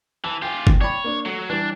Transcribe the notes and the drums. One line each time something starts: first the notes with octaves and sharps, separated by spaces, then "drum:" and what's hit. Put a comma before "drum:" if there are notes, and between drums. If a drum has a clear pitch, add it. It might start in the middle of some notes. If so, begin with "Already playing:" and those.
E3 A5
F4 G4 G5 G#5
drum: kick F#1
C#5 D5 G5 B5
A#3 D4
F#3 A3
E3 G3 D4